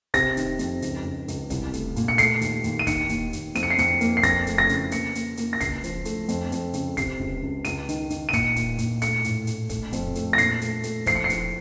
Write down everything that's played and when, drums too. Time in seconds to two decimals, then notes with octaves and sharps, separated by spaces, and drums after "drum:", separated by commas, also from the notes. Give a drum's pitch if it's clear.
0.14 C3 A#6, drum: kick, hi-hat
0.37 D#3, drum: hi-hat
0.59 F2, drum: hi-hat
0.82 C#2, drum: hi-hat
1.05 C#2
1.28 C#2, drum: hi-hat
1.50 C2, drum: kick, hi-hat
1.73 A3, drum: hi-hat
1.96 A#2, drum: hi-hat
2.08 C#7
2.18 A3 C7, drum: hi-hat
2.41 D#2, drum: hi-hat
2.64 D#2, drum: hi-hat
2.79 D#7
2.87 D#3 C#7, drum: kick, hi-hat
3.09 D#2, drum: hi-hat
3.33 D#2, drum: hi-hat
3.55 F2 D#7, drum: hi-hat
3.63 C#7
3.70 C7
3.78 F2 C#7, drum: hi-hat
4.01 A#3, drum: hi-hat
4.17 C7
4.23 F2 A#6, drum: kick, hi-hat
4.47 A3, drum: hi-hat
4.58 A#6
4.69 C#3, drum: hi-hat
4.91 A#3 C#7, drum: hi-hat
5.15 A#3, drum: hi-hat
5.37 A#3, drum: hi-hat
5.53 A#6
5.60 C#2 C7, drum: kick, hi-hat
5.84 F3, drum: hi-hat
6.05 A3, drum: hi-hat
6.29 F2, drum: hi-hat
6.52 F2, drum: hi-hat
6.73 C#3, drum: hi-hat
6.97 C3 C7, drum: kick, hi-hat
7.19 C#2
7.42 C#2
7.65 C#2 D#7, drum: hi-hat
7.89 D#3, drum: hi-hat
8.10 D#3, drum: hi-hat
8.29 D#7
8.33 A#2 C#7, drum: kick, hi-hat
8.56 A#2, drum: hi-hat
8.78 A#2, drum: hi-hat
9.01 A3 C#7, drum: hi-hat
9.24 A2, drum: hi-hat
9.47 A3, drum: hi-hat
9.70 A3, drum: kick, hi-hat
9.93 F2, drum: hi-hat
10.15 A3, drum: hi-hat
10.33 A#6
10.38 A#2 C7, drum: hi-hat
10.61 A3, drum: hi-hat
10.83 A3, drum: hi-hat
11.06 F3 C7, drum: kick, hi-hat
11.16 C#7
11.24 C7
11.30 F3, drum: hi-hat